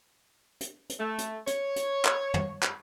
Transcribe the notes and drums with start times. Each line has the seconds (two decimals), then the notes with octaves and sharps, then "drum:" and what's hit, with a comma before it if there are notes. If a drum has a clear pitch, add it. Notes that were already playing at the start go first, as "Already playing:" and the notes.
0.61 drum: hi-hat
0.89 drum: hi-hat
0.99 A3
1.18 drum: hi-hat
1.47 C#5, drum: hi-hat
1.76 drum: hi-hat
2.05 drum: clap
2.34 drum: tom
2.63 drum: clap